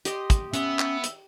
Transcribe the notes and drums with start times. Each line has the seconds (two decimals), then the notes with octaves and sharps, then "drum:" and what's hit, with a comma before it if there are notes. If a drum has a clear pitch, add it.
0.05 G4 D#5 C6, drum: hi-hat
0.30 drum: kick, hi-hat
0.54 B3 C#4 E5, drum: hi-hat
0.79 drum: clap
1.04 drum: hi-hat